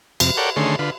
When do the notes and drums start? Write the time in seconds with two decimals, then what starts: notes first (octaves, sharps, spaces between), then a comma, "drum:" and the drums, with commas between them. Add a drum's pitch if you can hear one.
0.20 F2 C3, drum: cymbal
0.37 A4 A#4 C#5 D5 F#5 G5
0.56 D3 D#3 A3 C#4 G#4 C6
0.79 D3 F4 B4